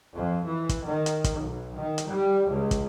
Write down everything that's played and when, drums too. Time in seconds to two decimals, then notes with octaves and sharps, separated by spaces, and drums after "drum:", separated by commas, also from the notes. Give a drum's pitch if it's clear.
0.14 F2
0.46 E3
0.69 drum: kick, hi-hat
0.85 D#3
1.06 drum: hi-hat
1.24 drum: kick, hi-hat
1.39 B1
1.77 D#3
1.98 drum: hi-hat
2.09 G3
2.50 C#2
2.71 drum: kick, hi-hat